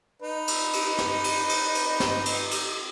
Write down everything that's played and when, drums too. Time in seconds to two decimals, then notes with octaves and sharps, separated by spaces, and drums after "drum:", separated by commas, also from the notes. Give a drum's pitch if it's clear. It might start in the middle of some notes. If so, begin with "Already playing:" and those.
0.22 D#4 B4
0.48 drum: cymbal
0.73 drum: cymbal
0.98 drum: snare
1.24 drum: cymbal
1.49 drum: cymbal
1.75 drum: cymbal
2.00 drum: snare
2.26 drum: cymbal
2.51 drum: cymbal